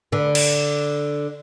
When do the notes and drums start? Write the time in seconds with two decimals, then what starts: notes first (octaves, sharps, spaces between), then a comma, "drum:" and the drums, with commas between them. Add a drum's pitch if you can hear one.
0.12 D3 B4
0.35 drum: cymbal